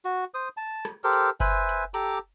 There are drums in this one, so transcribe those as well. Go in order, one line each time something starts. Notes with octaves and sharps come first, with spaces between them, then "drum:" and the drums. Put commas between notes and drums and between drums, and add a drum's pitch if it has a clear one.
F#4
C5 D#6
A5
drum: rim click
G4 A4 A#4 C5
drum: hi-hat
B4 C5 E5 G#5, drum: kick G1, open hi-hat
drum: hi-hat
G4 A4 A#5 D6, drum: hi-hat